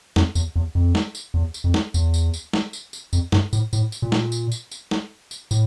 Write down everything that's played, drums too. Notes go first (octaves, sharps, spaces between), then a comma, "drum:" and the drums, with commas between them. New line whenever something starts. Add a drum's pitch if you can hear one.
F2, drum: snare
E2, drum: tambourine
E2
F2
drum: snare
drum: tambourine
E2
drum: tambourine
F2
drum: snare
E2, drum: tambourine
drum: tambourine
drum: tambourine
drum: snare
drum: tambourine
drum: tambourine
F2, drum: tambourine
G2, drum: snare
A2, drum: tambourine
A2, drum: tambourine
drum: tambourine
A#2
drum: snare
drum: tambourine
drum: tambourine
drum: tambourine
drum: snare
drum: tambourine
A2, drum: tambourine